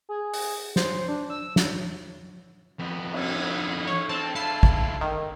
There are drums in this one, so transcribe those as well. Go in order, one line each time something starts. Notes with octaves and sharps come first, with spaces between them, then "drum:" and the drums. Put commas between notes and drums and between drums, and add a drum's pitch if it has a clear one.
G#4
drum: open hi-hat
C5, drum: snare
D4
E6
drum: snare
F2 B3
drum: cymbal
C#5
C4 A5
E4 F4 A5 C7
drum: kick
D#3